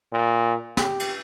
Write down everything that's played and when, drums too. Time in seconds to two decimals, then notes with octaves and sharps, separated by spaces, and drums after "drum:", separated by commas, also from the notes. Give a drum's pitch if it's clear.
0.12 A#2
0.77 G4, drum: snare
1.00 drum: cymbal